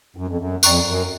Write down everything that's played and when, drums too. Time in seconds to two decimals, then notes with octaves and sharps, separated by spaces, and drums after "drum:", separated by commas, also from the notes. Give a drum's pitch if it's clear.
0.16 F#2
0.27 F2
0.38 F#2
0.63 F2 D5 G5 A#5 C#6 F#6, drum: tambourine
0.86 F#2